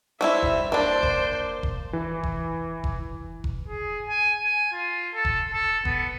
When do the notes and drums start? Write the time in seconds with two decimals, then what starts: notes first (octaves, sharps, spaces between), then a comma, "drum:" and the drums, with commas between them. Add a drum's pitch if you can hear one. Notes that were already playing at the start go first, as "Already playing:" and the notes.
0.21 G3 C4 E4 E5
0.43 drum: kick F1
0.72 A#3 D4 C5 D5
1.03 drum: kick F1
1.63 drum: kick F1
1.93 E3
2.23 drum: kick F1
2.84 drum: kick F1
3.44 drum: kick F1
3.68 G#4
4.09 G#5
4.44 G#5
4.72 F4
5.14 A4
5.25 drum: kick F1
5.53 A4
5.85 B3, drum: kick F1